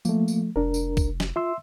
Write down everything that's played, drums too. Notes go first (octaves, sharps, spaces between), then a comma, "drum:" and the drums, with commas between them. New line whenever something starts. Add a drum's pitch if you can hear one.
F3 A3 A#3, drum: tambourine
drum: tambourine
F1 D4 A#4
drum: tambourine
drum: kick B1, tambourine
drum: snare
F4 E5 C6 E6